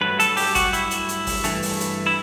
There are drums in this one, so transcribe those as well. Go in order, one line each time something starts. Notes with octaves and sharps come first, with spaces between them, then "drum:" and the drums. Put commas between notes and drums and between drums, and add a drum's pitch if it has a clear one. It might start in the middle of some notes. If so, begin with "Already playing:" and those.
G2 F#3 A3 B4
A4, drum: hi-hat
G4, drum: open hi-hat
F#4, drum: kick G#1, hi-hat
E4, drum: hi-hat
drum: hi-hat
drum: hi-hat
drum: kick G#1, open hi-hat
G2 E3 A3, drum: hi-hat
drum: open hi-hat
drum: hi-hat
E4